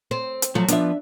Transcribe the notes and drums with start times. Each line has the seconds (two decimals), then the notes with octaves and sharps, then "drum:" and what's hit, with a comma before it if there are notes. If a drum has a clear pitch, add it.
0.11 C4
0.42 drum: hi-hat
0.55 F3 F#3 A3
0.68 F3 B3 D4 E5, drum: hi-hat